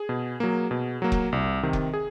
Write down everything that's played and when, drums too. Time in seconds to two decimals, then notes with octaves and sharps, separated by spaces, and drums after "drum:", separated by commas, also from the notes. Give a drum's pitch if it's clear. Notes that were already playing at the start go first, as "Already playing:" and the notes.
Already playing: G#4
0.09 B2
0.40 F#3 A#3
0.71 B2
1.02 F#3 A#3
1.12 drum: kick F1
1.32 C2
1.63 C3 D#3
1.73 drum: kick F1
1.94 G#4